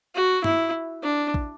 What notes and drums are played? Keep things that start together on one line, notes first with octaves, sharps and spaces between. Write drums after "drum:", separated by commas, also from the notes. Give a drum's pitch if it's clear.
F#4
E4, drum: tom G2
D4
drum: kick